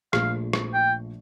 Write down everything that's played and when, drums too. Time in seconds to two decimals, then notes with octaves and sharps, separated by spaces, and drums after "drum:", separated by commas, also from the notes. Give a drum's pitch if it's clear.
0.13 A#1 A#2 F3 A3 F5, drum: rim click
0.53 drum: rim click
0.74 G5